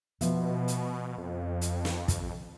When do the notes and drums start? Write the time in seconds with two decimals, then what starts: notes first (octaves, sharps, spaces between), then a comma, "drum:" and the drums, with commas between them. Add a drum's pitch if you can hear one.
0.21 B2 F3 B3 E5, drum: hi-hat
0.68 drum: hi-hat
1.18 F2
1.61 drum: hi-hat
1.85 drum: snare
2.08 drum: kick, hi-hat